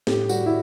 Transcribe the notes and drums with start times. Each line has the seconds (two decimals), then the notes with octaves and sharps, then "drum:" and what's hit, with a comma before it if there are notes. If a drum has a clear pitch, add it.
0.07 A2 G4, drum: snare
0.29 G3 F#4, drum: tambourine
0.46 E4